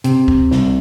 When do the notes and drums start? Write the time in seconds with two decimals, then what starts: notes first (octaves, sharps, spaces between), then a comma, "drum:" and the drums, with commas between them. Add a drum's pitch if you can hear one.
0.04 C3, drum: hi-hat
0.28 drum: kick
0.51 C2, drum: snare